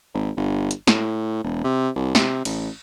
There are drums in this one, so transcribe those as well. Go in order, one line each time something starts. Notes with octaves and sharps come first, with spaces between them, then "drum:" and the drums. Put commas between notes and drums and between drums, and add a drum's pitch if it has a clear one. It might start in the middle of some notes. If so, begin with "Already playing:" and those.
G#1
G1
drum: hi-hat
A2, drum: snare
E1
C3
C2
C3, drum: snare
A1, drum: cymbal